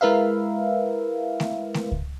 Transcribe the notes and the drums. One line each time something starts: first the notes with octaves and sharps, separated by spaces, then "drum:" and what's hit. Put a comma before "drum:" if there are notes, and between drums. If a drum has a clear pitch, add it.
G#3 E4 A#4 B4 E5 F5
drum: snare A3
drum: snare A3
drum: kick C#2